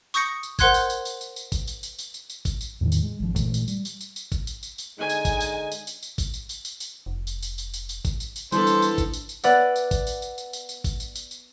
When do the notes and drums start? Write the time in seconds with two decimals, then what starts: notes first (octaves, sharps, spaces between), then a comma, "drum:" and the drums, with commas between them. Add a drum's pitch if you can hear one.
0.14 C#6 D#6 G6 A#6 C#7, drum: tambourine
0.43 drum: tambourine
0.59 A#4 C5 F#5 C6 F#6 G#6, drum: kick G#1, tambourine
0.74 drum: tambourine
0.90 drum: tambourine
1.05 drum: tambourine
1.21 drum: tambourine
1.36 drum: tambourine
1.52 drum: kick G#1, tambourine
1.67 drum: tambourine
1.83 drum: tambourine
1.99 drum: tambourine
2.14 drum: tambourine
2.30 drum: tambourine
2.45 drum: kick G#1, tambourine
2.61 drum: tambourine
2.81 E2 A2 D#3
2.92 drum: tambourine
3.02 G#3
3.20 G#1 F3
3.36 A#2 E3 G#3 A3, drum: kick G#1, tambourine
3.54 drum: tambourine
3.68 G3, drum: tambourine
3.85 drum: tambourine
4.01 drum: tambourine
4.16 drum: tambourine
4.32 drum: kick G#1, tambourine
4.47 drum: tambourine
4.63 drum: tambourine
4.78 drum: tambourine
4.99 D3 G#3 D#4 G#5
5.09 drum: tambourine
5.25 drum: kick G#1, tambourine
5.40 drum: tambourine
5.72 drum: tambourine
5.87 drum: tambourine
6.03 drum: tambourine
6.18 drum: kick G#1, tambourine
6.34 drum: tambourine
6.49 drum: tambourine
6.65 drum: tambourine
6.80 drum: tambourine
7.06 F1
7.27 drum: tambourine
7.42 drum: tambourine
7.58 drum: tambourine
7.74 drum: tambourine
7.89 drum: tambourine
8.05 drum: kick G#1, tambourine
8.20 drum: tambourine
8.36 drum: tambourine
8.52 E3 G3 B3 D4 A4 C5, drum: tambourine
8.67 drum: tambourine
8.82 drum: tambourine
8.98 drum: kick G#1, tambourine
9.13 drum: tambourine
9.29 drum: tambourine
9.44 B3 B4 D5 E5 F#5, drum: tambourine
9.76 drum: tambourine
9.91 drum: kick G#1, tambourine
10.07 drum: tambourine
10.22 drum: tambourine
10.38 drum: tambourine
10.53 drum: tambourine
10.69 drum: tambourine
10.84 drum: kick G#1, tambourine
11.00 drum: tambourine
11.15 drum: tambourine
11.31 drum: tambourine